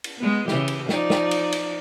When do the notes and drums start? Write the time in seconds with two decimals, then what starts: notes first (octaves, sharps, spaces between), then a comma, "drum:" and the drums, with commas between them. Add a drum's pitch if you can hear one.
0.04 drum: cymbal
0.18 G#3 B3
0.48 C#3 E3 G4, drum: snare
0.68 drum: cymbal
0.89 F3 D#4 D5, drum: snare
1.10 drum: snare
1.31 drum: cymbal
1.52 drum: cymbal